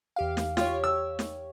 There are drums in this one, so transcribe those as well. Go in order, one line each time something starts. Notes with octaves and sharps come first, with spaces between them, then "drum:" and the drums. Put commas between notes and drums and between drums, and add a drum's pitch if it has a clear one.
E2 G4 F5
drum: snare
F4 G4 C#5, drum: snare
E6
drum: snare